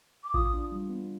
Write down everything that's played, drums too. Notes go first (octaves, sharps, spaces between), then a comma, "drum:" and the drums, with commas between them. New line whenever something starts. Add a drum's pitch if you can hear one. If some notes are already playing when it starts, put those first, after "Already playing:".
D6
F4 D#6, drum: kick A1
D4
G3
B3